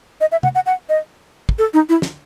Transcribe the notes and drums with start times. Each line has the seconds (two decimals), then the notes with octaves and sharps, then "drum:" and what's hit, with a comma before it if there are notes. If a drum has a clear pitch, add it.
0.21 D#5
0.32 E5
0.43 F#5, drum: tom
0.55 F#5
0.66 F#5
0.89 D#5
1.49 drum: kick
1.58 A4
1.74 D#4
1.89 E4
2.02 drum: snare